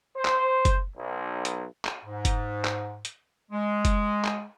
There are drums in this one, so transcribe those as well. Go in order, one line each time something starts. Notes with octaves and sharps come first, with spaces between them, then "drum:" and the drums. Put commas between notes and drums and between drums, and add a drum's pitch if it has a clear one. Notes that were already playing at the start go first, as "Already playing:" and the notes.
C5
drum: clap
drum: kick F#1, hi-hat
B1
drum: hi-hat
drum: clap
G#2
drum: kick F#1, hi-hat
drum: clap
drum: hi-hat
G#3
drum: kick F#1, hi-hat
drum: clap